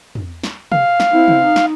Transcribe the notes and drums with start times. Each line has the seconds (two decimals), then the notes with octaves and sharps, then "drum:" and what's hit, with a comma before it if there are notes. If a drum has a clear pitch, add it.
0.15 drum: tom
0.43 drum: snare
0.72 F5, drum: tom
1.00 drum: snare
1.12 C4 E4
1.28 drum: tom C3
1.44 D#4
1.56 drum: snare